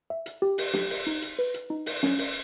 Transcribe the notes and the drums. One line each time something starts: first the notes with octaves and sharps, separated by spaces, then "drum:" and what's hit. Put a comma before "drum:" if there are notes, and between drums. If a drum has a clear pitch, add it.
E5
drum: hi-hat
G4
drum: open hi-hat
G4, drum: snare
drum: open hi-hat
D#4
drum: hi-hat
B4
drum: hi-hat
D#4
drum: open hi-hat
C#4, drum: snare
drum: open hi-hat